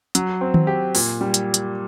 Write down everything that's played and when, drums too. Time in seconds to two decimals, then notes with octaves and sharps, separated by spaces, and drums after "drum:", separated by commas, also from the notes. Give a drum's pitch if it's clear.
0.15 F#3, drum: hi-hat
0.41 C4
0.54 drum: tom D#3
0.67 G4
0.95 A#2, drum: open hi-hat
1.21 G3
1.34 drum: hi-hat
1.54 drum: hi-hat